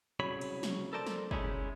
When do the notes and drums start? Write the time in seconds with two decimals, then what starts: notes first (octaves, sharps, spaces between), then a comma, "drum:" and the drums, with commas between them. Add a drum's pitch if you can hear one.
0.20 C2 C#3 F#3 C#5 B5
0.41 drum: cymbal
0.63 drum: snare
0.93 A4 A#4 C5 D5 A5
1.07 drum: snare
1.31 G#3 C#4 D#4 E4, drum: kick